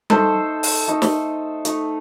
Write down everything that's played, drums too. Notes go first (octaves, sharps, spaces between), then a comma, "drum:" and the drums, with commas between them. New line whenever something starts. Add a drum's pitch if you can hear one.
A3 D#4 A4 C5, drum: tom G3
drum: open hi-hat
A3 D#4
drum: snare
A3 D#4, drum: hi-hat